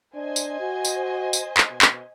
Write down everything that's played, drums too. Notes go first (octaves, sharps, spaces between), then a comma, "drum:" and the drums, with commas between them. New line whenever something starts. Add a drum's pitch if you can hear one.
D4 C5 D#5 G#5
drum: tambourine
F#4
drum: tambourine
drum: tambourine
drum: clap
B2
drum: clap